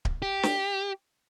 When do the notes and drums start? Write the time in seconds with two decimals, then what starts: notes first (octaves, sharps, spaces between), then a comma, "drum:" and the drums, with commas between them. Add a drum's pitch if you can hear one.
0.05 drum: kick D1
0.22 G4
0.43 drum: snare